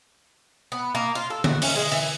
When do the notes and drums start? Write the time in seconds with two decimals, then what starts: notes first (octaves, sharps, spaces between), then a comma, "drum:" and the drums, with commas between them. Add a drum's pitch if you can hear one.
0.72 B3
0.95 A#3
1.15 F4
1.30 A4
1.44 F#4, drum: tom D3
1.62 C#4, drum: open hi-hat
1.76 G#3
1.92 E3